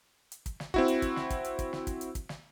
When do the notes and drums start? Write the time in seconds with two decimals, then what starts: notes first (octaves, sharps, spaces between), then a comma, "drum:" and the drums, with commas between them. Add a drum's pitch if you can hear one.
0.32 drum: hi-hat
0.46 drum: kick, hi-hat
0.60 drum: snare
0.74 C4 E4 F#4, drum: kick
0.88 drum: hi-hat
1.02 drum: kick, hi-hat
1.16 drum: snare
1.30 drum: kick, hi-hat
1.44 drum: hi-hat
1.59 drum: kick, hi-hat
1.73 drum: snare
1.87 drum: kick, hi-hat
2.01 drum: hi-hat
2.15 drum: kick, hi-hat
2.29 drum: snare